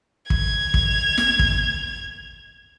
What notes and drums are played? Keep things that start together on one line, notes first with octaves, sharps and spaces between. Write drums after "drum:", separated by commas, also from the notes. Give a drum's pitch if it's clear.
G#6 F7, drum: kick
drum: kick
drum: snare
drum: kick